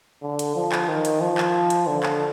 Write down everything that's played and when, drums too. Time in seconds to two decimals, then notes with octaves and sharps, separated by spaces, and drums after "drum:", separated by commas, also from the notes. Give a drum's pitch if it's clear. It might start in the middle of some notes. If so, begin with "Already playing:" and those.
0.22 D3
0.39 drum: hi-hat
0.56 F3
0.72 drum: clap
0.88 D#3
1.05 drum: hi-hat
1.21 F3
1.38 drum: clap
1.70 drum: hi-hat
1.87 D3
2.03 drum: clap